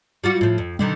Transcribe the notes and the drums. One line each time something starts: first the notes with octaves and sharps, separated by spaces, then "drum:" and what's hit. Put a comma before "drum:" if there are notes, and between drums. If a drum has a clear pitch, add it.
G3 F4 F#4
A2 F3
F2
B2 D3 D#3, drum: tom